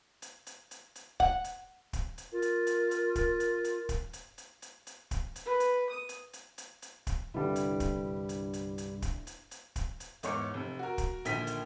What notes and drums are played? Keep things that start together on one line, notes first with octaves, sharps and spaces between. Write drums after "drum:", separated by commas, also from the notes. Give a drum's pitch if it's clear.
drum: hi-hat
drum: hi-hat
drum: hi-hat
drum: hi-hat
F#5, drum: kick
drum: hi-hat
drum: kick, hi-hat
drum: hi-hat
F4 A#4
drum: hi-hat
drum: hi-hat
drum: hi-hat
drum: kick, hi-hat
drum: hi-hat
drum: hi-hat
drum: kick, hi-hat
drum: hi-hat
drum: hi-hat
drum: hi-hat
drum: hi-hat
drum: kick, hi-hat
drum: hi-hat
B4
drum: hi-hat
D#6
drum: hi-hat
drum: hi-hat
drum: hi-hat
drum: hi-hat
drum: kick, hi-hat
C2 G2 D3 G3 E4
drum: hi-hat
drum: kick, hi-hat
drum: hi-hat
drum: hi-hat
drum: hi-hat
drum: kick, hi-hat
drum: hi-hat
drum: hi-hat
drum: kick, hi-hat
drum: hi-hat
E2 G#2 C#5 D6 C#7, drum: hi-hat
F1
F#4 A#4
drum: kick, hi-hat
A#1 A#2 D3 D#3 B6 D#7, drum: hi-hat
drum: hi-hat